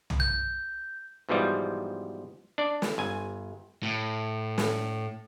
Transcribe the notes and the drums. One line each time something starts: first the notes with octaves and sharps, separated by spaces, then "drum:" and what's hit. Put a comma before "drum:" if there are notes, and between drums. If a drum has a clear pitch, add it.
drum: tom
G6
G#2 B2 E3 F3 G3
D4 D5
drum: snare
G1 G#5
A2
drum: snare